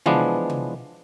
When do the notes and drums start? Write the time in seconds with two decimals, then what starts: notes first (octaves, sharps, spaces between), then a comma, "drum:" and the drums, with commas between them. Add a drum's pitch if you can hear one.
0.06 E3 F3 G#3 B3 D4, drum: tom C3
0.50 drum: tom C3